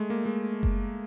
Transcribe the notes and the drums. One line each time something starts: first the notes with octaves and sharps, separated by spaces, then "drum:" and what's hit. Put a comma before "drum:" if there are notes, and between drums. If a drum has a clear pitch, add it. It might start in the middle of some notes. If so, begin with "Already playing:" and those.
Already playing: G#3 A3
A#3
G#3
drum: kick F#1